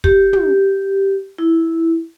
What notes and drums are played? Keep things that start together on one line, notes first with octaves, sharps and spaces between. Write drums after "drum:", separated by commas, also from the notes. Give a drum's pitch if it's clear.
G4, drum: kick
drum: tom
E4